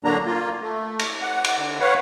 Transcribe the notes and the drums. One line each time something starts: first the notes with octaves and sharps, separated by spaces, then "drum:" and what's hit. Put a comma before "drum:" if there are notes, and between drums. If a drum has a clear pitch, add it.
A2 D3 F#3 A#3 D4 A#5
A#3 F4
A3
drum: cymbal
F#5
drum: cymbal
D3
B4 C#5 F5 F#5